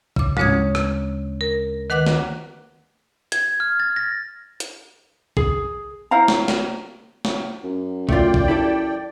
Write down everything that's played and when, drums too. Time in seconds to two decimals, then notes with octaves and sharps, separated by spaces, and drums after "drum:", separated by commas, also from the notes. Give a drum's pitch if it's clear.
0.16 C#3 D6, drum: kick
0.37 D2 G#3 C#4 C#5 D#6 G#6, drum: tom G#2
0.75 drum: rim click
1.41 A#4
1.90 D#3 B4 F#5 D6 F#6
2.06 drum: snare
3.32 G#6, drum: hi-hat
3.60 F6
3.80 A6
3.96 A#6
4.60 drum: hi-hat
5.37 G#4, drum: kick
6.11 E4 C5 F5 A#5
6.28 drum: snare
6.48 drum: snare
7.25 drum: snare
7.64 F#2
8.09 A3 F4 D5 G5, drum: kick
8.34 drum: kick
8.48 E4 G4 A4